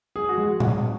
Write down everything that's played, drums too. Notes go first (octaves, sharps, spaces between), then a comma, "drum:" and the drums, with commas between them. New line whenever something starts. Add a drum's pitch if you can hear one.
G#4
F#4
G#3
drum: tom A2